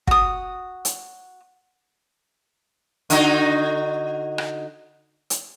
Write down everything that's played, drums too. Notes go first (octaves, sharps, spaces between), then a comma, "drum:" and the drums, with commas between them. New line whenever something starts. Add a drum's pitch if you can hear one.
F#4 D#6, drum: kick
drum: hi-hat
D3 D#4 F#4, drum: hi-hat
drum: rim click
drum: hi-hat